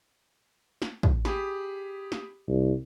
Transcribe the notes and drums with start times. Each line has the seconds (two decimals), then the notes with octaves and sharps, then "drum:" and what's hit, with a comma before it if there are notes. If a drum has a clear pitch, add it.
0.82 drum: snare
1.03 drum: kick
1.25 G4 G#4 B5, drum: snare
2.12 drum: snare
2.48 C2